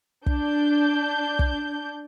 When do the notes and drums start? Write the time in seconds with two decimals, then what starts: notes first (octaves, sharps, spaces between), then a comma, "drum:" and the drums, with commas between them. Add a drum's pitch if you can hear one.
0.26 D4 G6, drum: kick
1.39 drum: kick